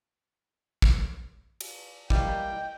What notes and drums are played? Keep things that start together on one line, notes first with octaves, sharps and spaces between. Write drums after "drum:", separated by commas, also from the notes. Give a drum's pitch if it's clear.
drum: kick
drum: cymbal
G3 A#3 E4 D#5 G5, drum: kick